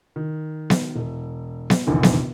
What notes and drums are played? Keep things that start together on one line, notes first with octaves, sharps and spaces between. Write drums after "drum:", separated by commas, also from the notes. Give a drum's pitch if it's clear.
D#3
drum: snare B3
E1
drum: snare B3
F1 A#1 E2 D3 D#3
drum: snare B3